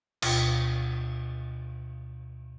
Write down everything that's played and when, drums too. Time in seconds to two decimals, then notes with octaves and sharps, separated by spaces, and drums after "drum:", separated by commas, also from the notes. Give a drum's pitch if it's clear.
0.22 D2 B2 F4 G5, drum: cymbal